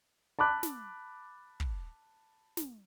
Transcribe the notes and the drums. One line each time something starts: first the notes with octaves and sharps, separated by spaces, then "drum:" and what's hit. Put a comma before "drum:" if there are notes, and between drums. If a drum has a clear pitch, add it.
A5 B5 D6 F#6
drum: snare
drum: kick
drum: snare